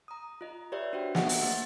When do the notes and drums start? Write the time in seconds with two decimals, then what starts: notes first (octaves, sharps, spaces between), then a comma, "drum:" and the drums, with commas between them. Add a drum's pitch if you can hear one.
0.08 A#5 D#6
0.41 F4 D#5
0.72 G4 B4 C#5 D5 E5
0.93 D4 F#4 C5 C#5 G5
1.15 D#5 E5 F#5, drum: snare
1.29 drum: open hi-hat
1.41 A3 A#3 A6